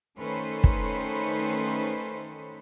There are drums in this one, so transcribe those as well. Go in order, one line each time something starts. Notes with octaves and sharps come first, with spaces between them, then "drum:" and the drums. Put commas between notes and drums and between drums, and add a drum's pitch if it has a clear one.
D#3 A3 C#4 A4 B4 C5
drum: kick